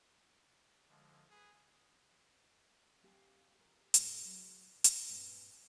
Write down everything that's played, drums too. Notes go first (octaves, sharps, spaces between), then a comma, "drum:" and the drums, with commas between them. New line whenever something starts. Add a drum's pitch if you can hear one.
D3 F3 G#3
G#4 B4
A3 C4 G4 F5 G#5
F4 A#4
A2 C3 G#3 A3 C4, drum: hi-hat
F#3 G#4 C#5 D5
A2, drum: hi-hat
G2 A#2 C4 C#4 G#5